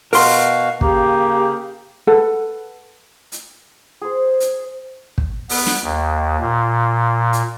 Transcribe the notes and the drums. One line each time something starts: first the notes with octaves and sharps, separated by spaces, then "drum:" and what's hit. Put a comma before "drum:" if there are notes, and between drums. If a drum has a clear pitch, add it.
B2 F#4 A#4 F5 C6, drum: open hi-hat
C#3 A#3 G4, drum: kick
A4 B4 F#5
drum: hi-hat
G#4 C5
drum: hi-hat
drum: kick
B3, drum: open hi-hat
drum: snare
D#2
A#2
drum: hi-hat